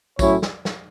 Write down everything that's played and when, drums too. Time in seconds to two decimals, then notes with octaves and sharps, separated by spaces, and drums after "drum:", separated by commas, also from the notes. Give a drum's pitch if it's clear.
0.19 A2 F#3 C#4 E4 C#5, drum: kick, tambourine
0.42 drum: snare
0.65 drum: snare